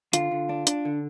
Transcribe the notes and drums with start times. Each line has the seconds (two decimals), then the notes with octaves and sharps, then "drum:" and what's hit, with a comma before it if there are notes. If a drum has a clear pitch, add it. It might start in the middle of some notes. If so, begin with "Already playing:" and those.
0.13 D3 F4, drum: hi-hat
0.31 D3
0.49 D4
0.67 D4, drum: hi-hat
0.85 D3